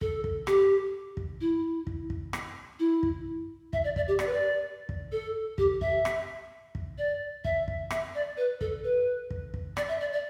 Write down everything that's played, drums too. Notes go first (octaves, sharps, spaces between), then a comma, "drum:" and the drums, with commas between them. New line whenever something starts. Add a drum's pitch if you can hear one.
A4, drum: kick
drum: kick
G4, drum: rim click
drum: kick
E4
drum: kick
drum: kick
drum: rim click
E4
drum: kick
E5, drum: kick
D5
D5, drum: kick
G4
D5, drum: rim click
B4
D5
drum: kick
A4
G4, drum: kick
E5, drum: kick
drum: rim click
drum: kick
D5
E5, drum: kick
drum: kick
E5, drum: rim click
D5
B4
A4, drum: kick
B4
drum: kick
drum: kick
D5, drum: rim click
E5
D5
D5